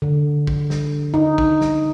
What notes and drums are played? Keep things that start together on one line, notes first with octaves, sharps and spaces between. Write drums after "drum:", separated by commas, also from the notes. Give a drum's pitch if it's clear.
D3
drum: kick
drum: snare
D#4
drum: kick
drum: snare